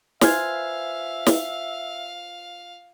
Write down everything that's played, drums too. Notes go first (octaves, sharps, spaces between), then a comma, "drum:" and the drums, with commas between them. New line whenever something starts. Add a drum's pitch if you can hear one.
F4 B4 C5 E5 F5 G#5 F6 G#6, drum: snare
drum: snare